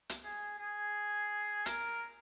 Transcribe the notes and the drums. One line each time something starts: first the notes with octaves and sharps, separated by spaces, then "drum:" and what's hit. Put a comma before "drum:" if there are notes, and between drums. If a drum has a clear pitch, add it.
drum: hi-hat
G#4
G#4
A#4, drum: hi-hat